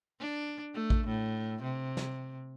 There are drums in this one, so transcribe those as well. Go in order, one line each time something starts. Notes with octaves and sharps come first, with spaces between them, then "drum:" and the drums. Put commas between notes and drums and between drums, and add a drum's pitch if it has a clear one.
D4
A3
drum: kick A1
A2
C3
drum: snare